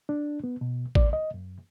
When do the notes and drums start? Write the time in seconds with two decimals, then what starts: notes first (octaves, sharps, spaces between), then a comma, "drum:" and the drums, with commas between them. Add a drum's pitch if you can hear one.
0.09 D4
0.44 B3
0.61 B2
0.95 D5, drum: kick
1.13 D#5
1.34 F#2